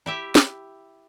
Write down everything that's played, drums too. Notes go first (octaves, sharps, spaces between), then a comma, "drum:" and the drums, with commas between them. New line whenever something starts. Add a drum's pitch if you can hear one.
E4 G4 E5
drum: snare